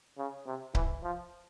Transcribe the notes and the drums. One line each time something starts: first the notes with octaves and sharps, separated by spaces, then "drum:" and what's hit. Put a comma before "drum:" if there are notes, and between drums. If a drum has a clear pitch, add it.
C#3
C3
E3, drum: kick C#1
F3